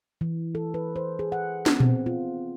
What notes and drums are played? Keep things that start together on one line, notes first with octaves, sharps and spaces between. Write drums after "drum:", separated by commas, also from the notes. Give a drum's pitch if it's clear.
E3
A4
B4
C5
G#4
F#5
B3, drum: snare
C4, drum: tom A#2
F4